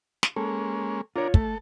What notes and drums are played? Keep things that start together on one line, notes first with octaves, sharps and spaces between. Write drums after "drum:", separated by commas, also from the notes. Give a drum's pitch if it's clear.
drum: snare
G#3 A#3 C#4 A4
D4 F4 A#4 C#5
A3 A4, drum: kick